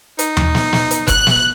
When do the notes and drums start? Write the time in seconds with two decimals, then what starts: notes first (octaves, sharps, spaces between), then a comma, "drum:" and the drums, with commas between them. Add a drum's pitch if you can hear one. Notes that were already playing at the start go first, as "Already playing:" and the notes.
0.19 D#4, drum: hi-hat
0.37 drum: tom D#2
0.55 drum: snare
0.73 drum: snare
0.91 drum: hi-hat
1.08 F#6, drum: kick, hi-hat
1.27 drum: snare